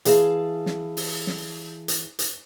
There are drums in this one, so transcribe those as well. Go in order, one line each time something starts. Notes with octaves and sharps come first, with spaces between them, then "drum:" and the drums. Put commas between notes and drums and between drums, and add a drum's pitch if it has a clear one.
E3 G#4 F5 A5, drum: hi-hat
drum: snare
drum: open hi-hat
drum: snare
drum: hi-hat
drum: hi-hat